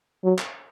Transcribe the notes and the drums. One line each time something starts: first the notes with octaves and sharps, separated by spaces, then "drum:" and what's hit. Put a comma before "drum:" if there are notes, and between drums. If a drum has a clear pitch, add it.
F#3
drum: clap